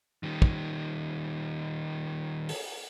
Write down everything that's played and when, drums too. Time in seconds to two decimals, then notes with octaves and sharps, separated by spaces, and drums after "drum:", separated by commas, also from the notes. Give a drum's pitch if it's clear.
0.23 D#3 G3
0.42 drum: kick
2.49 drum: open hi-hat